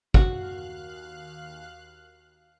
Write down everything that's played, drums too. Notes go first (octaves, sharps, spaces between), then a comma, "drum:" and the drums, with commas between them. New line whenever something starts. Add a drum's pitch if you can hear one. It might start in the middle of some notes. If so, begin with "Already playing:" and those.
D#2 F#4 F5 F#6, drum: kick